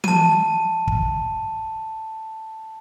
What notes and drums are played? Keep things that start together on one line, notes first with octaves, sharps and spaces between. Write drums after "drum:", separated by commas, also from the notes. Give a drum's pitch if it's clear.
A5 D#7, drum: tom E3
drum: kick